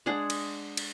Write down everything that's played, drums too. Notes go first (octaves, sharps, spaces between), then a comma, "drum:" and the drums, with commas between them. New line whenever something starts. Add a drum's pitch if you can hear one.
G#3 D4 G#4 F#5
drum: cymbal
drum: cymbal